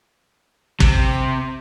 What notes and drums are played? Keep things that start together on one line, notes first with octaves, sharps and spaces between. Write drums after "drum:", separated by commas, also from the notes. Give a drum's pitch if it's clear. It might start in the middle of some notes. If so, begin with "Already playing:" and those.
C3, drum: kick